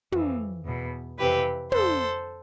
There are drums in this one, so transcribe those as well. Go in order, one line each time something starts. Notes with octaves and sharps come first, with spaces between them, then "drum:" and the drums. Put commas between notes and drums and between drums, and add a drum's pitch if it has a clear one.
F2 E3, drum: tom
E2 B2
F2 C3 E3 G4 B4
F2 D3 A4 C5, drum: tom